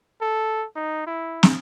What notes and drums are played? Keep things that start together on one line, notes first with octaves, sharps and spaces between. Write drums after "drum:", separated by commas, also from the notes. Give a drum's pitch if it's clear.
A4
D#4
E4
drum: snare